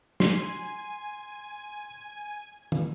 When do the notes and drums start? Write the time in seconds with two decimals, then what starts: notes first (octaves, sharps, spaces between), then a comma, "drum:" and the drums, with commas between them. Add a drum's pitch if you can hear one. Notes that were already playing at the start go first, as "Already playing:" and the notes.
0.20 G#5 C6, drum: snare
2.72 drum: tom